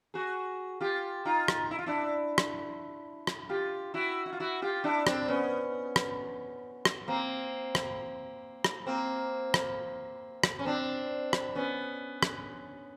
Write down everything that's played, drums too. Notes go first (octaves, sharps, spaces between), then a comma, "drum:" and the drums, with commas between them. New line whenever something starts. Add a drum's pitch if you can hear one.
F#4 G#4
F4 G4
D#4 F4
drum: rim click
E4
F4
D4 E4
drum: rim click
drum: rim click
F4 G4
E4 F#4
E4
F4
E4 F#4
F4 G4
D4 E4
C4 D4, drum: rim click
B3 C#4
drum: rim click
drum: rim click
A#3 C4
drum: rim click
drum: rim click
A#3 C4
drum: rim click
drum: rim click
C#4
C4 D4
drum: rim click
B3 C#4
drum: rim click